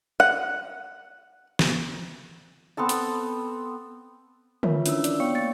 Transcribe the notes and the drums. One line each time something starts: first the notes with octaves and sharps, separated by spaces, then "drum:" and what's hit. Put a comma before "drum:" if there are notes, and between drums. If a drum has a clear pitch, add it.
F#5
drum: snare
B3 C4 A4 A5
drum: hi-hat
F4 A#4 B4 C#5 E5, drum: tom D3
C#4 D4 E4 E6, drum: hi-hat
D5, drum: hi-hat
B3 C#5 F5 G5 C#6 C#7
A#3 A6 C#7